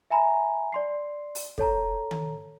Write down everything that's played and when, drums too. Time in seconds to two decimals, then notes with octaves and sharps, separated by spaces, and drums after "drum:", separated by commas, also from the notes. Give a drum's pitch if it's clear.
0.10 E5 G#5 A#5 B5
0.72 D5 C6 C7
1.35 drum: open hi-hat
1.58 A4 C#5 A5 A#5, drum: kick
2.11 drum: tom D#3